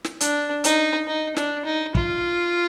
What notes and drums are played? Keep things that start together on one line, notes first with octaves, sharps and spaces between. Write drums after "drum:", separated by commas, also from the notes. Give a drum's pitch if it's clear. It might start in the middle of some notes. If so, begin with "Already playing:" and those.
drum: snare
D4, drum: hi-hat
D#4, drum: hi-hat
D#4
D4, drum: snare
D#4
F4, drum: kick